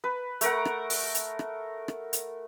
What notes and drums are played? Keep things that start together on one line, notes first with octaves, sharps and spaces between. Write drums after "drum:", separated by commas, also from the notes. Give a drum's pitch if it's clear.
B4
A3 A#4 F#5, drum: hi-hat
drum: rim click
drum: open hi-hat
drum: hi-hat
drum: rim click
drum: rim click
drum: hi-hat